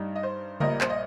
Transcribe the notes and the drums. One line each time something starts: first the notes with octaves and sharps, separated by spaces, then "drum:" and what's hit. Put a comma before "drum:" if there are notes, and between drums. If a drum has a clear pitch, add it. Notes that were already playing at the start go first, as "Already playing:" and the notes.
Already playing: G2 G3 D#4
D#5
C5
A#1 A#2 G3 A#4 D#5, drum: tom C#3
C5, drum: clap
D#5